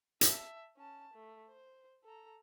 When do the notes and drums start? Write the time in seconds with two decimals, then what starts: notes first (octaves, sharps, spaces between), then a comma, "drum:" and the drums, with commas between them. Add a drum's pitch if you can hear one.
0.21 E5 A5, drum: hi-hat
0.77 C#4 A5
1.14 A3
1.48 C5
2.04 A4 A#5